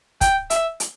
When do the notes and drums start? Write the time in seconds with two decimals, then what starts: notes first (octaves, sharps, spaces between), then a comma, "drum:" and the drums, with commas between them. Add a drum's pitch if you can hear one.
0.21 G5, drum: kick, hi-hat
0.50 E5, drum: hi-hat
0.80 drum: hi-hat